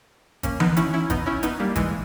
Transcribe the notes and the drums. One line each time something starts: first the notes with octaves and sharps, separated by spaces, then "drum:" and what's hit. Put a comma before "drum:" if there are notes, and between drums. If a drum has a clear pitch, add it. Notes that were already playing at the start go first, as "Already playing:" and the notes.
A#3 C#4, drum: kick, hi-hat
B3 D#4, drum: tom E3
C#4 E4, drum: hi-hat
C#4 E4
B3 D#4, drum: kick, hi-hat
C#4 E4
B3 D#4, drum: hi-hat
G3 A#3
E3 G#3, drum: kick, hi-hat